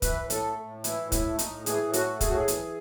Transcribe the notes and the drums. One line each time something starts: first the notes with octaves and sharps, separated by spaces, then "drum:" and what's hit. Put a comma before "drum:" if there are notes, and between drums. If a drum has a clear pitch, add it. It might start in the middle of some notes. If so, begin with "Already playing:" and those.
E3 B4, drum: kick, hi-hat
A2
A4, drum: hi-hat
A3
A2
E3 E4, drum: hi-hat
A2
E4, drum: kick, hi-hat
A3
D#4, drum: hi-hat
A2
E3 G#4, drum: hi-hat
A2
F#4, drum: hi-hat
A3
G#4, drum: kick, hi-hat
A2 F#4
G#4
E3, drum: hi-hat